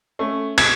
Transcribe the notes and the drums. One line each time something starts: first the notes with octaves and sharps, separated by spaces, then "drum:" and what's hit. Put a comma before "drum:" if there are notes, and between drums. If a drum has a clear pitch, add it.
A3 C#4
B2 G#6, drum: cymbal